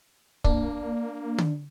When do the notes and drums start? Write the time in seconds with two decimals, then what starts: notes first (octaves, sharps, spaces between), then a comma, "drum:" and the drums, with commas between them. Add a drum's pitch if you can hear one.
0.44 A#3 D4, drum: kick
1.38 drum: tom